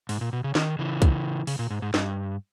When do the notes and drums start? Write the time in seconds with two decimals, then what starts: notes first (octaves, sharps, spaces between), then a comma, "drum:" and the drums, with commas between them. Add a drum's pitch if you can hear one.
0.09 G#2, drum: open hi-hat
0.21 A#2
0.33 B2
0.44 C#3
0.55 D#3, drum: snare
0.79 C#3 E3
1.02 drum: kick, hi-hat
1.47 C#3, drum: open hi-hat
1.59 A#2
1.70 G#2
1.82 G#2
1.94 G2, drum: snare